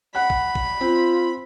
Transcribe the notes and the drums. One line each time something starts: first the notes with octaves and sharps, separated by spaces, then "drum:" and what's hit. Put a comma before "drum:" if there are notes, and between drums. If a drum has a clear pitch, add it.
F#5 B5 F#6
drum: kick A1
drum: kick A1
C4 F4